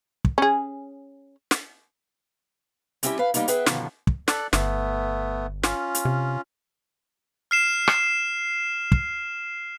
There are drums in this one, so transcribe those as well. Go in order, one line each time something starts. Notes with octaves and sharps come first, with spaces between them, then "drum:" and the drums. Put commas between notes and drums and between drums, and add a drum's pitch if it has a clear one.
drum: kick
C#4 G#4
drum: snare
G3 C4 C#4 E4 F#4 G4, drum: hi-hat
B4 F5
G3 A#3 B3 D#4, drum: hi-hat
G#4 B4 E5 F#5 G5, drum: hi-hat
G2 B2 D3 D#3 F3 C#4, drum: snare
drum: kick
A4 D5 F#6, drum: snare
G1 A3 B3, drum: snare
C#4 F4, drum: snare
drum: hi-hat
C3
F6 C7 E7
drum: rim click
drum: kick